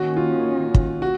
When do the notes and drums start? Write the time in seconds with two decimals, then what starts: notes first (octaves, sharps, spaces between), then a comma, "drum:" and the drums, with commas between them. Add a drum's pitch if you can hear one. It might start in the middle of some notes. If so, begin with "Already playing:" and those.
Already playing: D#3 A#3 C#4 F#4
0.17 F4
0.74 drum: kick
1.02 F#4